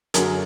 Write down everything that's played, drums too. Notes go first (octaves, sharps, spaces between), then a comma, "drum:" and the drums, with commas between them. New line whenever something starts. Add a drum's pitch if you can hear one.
F#2 D3 F#3 G#4 A#4, drum: hi-hat